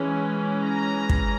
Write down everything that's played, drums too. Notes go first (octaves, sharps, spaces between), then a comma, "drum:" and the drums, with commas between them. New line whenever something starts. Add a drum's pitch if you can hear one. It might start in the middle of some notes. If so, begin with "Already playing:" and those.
Already playing: E3 G#3 C#4
A#5
drum: kick